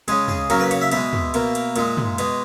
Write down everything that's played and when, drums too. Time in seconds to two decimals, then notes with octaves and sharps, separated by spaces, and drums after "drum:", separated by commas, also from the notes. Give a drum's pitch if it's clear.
0.08 C#3 G#3 G#4, drum: cymbal
0.28 G#4, drum: tom
0.50 C#3 F#3 A#3 A#4, drum: cymbal
0.60 B4
0.71 C#5, drum: cymbal
0.81 E5
0.91 B2 G#3 E5, drum: cymbal
1.13 drum: tom
1.34 B2 A#3, drum: cymbal
1.55 drum: cymbal
1.76 A#2 G#3, drum: cymbal
1.97 drum: tom
2.18 B2 G#3, drum: cymbal